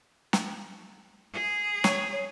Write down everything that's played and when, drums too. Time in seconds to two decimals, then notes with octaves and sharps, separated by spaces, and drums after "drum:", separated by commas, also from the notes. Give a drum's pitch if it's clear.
0.33 drum: snare
1.33 G#4
1.84 C#5, drum: snare